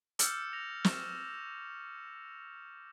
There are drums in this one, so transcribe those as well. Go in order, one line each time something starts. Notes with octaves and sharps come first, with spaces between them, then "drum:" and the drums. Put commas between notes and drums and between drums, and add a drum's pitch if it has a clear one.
D6 E6 F6 G6 A6 C#7, drum: hi-hat
A#6 F7
C#6 E7, drum: snare